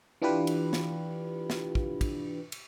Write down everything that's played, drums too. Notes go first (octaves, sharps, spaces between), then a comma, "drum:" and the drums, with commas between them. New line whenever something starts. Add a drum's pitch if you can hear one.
E3 D4 F4 G4 B4
drum: cymbal
drum: snare
drum: snare
drum: kick
drum: kick, cymbal
drum: cymbal